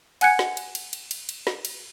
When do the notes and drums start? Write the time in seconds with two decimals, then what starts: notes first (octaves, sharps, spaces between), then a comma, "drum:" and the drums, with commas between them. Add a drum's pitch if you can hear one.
0.21 F#5 G#5 F#6 G#6 C#7, drum: cymbal
0.39 drum: snare
0.57 drum: cymbal
0.75 drum: cymbal
0.93 drum: cymbal
1.11 drum: cymbal
1.29 drum: cymbal
1.47 drum: snare
1.65 drum: cymbal